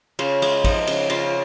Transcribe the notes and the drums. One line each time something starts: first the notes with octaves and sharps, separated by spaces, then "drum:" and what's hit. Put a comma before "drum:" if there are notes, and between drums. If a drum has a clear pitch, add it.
C#3 F4 F5, drum: cymbal
G#3, drum: cymbal
F3 D#4 D#5, drum: kick, cymbal
C#3, drum: cymbal
C#3 F4 F5, drum: cymbal